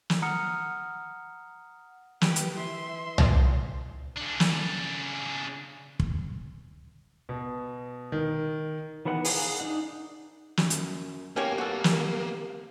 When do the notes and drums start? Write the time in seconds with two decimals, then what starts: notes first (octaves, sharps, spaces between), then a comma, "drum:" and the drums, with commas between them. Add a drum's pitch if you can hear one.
0.10 drum: snare
0.22 F#5 A#5 D#6 F6 C#7
2.21 G4 B4, drum: snare
2.36 drum: hi-hat
2.56 E3 E5 C6
3.18 drum: tom
4.16 C#3 D4
4.40 drum: snare
6.00 drum: kick
7.29 B2
8.12 D#3
9.05 D#3 E3 B3 A#4 F#5
9.25 G#4 A#4 B4 F5 F#5, drum: open hi-hat
9.60 D4 D#4 F#5
10.57 F#2, drum: snare
10.70 drum: hi-hat
11.36 C3 A#3 B3 C#4 G4 C#5
11.58 F#4 A4
11.84 drum: snare